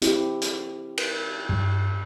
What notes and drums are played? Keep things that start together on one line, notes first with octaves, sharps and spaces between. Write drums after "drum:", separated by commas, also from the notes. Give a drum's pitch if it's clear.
C4 E4 G4, drum: hi-hat
drum: hi-hat
drum: cymbal
G2